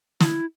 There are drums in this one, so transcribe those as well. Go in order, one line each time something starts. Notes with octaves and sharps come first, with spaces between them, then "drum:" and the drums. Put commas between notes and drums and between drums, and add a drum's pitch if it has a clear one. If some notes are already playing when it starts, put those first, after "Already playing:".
E4, drum: snare